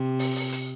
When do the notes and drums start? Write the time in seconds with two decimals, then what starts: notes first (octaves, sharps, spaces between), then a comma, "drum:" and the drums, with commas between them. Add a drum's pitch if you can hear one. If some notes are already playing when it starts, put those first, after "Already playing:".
Already playing: C3
0.19 drum: open hi-hat
0.36 drum: open hi-hat
0.52 drum: hi-hat